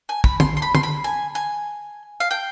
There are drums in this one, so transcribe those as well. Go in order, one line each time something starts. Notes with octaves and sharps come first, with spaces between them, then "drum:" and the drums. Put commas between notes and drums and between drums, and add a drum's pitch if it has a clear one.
G#5
B5, drum: kick
C6, drum: tom
C6
B5
C6, drum: tom
B5
G#5
G#5
F5
G5